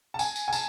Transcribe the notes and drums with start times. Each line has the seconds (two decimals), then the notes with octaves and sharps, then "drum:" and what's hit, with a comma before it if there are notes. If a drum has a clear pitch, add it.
0.14 A5
0.19 G#5, drum: tambourine
0.36 drum: tambourine
0.48 G#5
0.53 A5, drum: tambourine